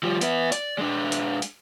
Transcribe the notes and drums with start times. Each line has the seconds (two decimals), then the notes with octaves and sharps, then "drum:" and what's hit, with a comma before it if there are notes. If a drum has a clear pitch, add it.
0.03 F3 G3
0.21 B3 E4, drum: hi-hat
0.52 D5, drum: hi-hat
0.78 G#3 D4
1.12 drum: hi-hat
1.42 drum: hi-hat